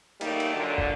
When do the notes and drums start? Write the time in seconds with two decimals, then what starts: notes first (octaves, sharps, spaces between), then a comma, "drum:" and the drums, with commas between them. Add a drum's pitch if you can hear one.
0.21 D#3 F#3 G3 A3 A#3 D#4, drum: cymbal
0.40 drum: cymbal
0.54 A#2 D3 F#3
0.78 drum: kick